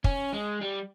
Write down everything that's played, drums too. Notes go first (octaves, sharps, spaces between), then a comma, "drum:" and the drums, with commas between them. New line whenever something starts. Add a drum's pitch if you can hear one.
C#4, drum: kick
G#3
G3